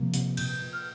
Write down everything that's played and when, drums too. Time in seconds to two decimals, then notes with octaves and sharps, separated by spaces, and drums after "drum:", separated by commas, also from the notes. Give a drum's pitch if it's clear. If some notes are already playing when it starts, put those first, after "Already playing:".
Already playing: C3 F3 A#3
0.14 C3, drum: hi-hat
0.37 A#2 G6, drum: cymbal
0.62 A#2
0.73 F6